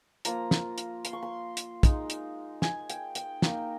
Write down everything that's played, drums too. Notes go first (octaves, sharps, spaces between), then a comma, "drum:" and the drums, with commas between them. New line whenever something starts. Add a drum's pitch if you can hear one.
F3 A#3 F4 A#5, drum: hi-hat
drum: snare
drum: hi-hat
C6, drum: hi-hat
C#6
C6
drum: hi-hat
G#3 D#4, drum: kick, hi-hat
drum: hi-hat
G#5, drum: snare
G5, drum: hi-hat
G5, drum: hi-hat
A#3 D#4 A#4, drum: snare